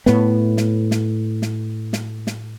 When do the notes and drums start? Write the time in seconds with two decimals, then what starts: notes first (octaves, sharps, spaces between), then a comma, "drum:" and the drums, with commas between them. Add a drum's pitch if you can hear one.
0.06 A2 B3, drum: snare
0.57 drum: snare
0.91 drum: snare
1.42 drum: snare
1.93 drum: snare
2.27 drum: snare